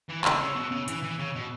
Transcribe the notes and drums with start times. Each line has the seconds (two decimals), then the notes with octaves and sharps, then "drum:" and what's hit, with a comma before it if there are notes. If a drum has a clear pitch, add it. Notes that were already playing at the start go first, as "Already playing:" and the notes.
0.09 E3
0.25 C#3 E6, drum: clap
0.41 C#3
0.56 B2
0.71 C#3
0.88 E3, drum: hi-hat
1.03 E3
1.19 C#3
1.35 B2